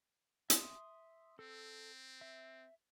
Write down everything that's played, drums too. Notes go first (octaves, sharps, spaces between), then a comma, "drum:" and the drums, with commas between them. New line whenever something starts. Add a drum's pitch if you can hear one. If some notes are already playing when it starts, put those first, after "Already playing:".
E5 C6 D#6, drum: hi-hat
C4 A4
E5